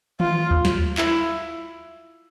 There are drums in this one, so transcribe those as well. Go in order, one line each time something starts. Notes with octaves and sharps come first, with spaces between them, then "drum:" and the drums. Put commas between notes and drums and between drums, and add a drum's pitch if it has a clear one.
F4, drum: tom D#3
drum: kick D2
drum: snare
E4, drum: clap